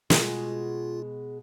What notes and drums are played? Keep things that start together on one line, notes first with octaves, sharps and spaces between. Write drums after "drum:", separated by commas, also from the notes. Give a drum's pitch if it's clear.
B2 G#3 F4 G#4, drum: snare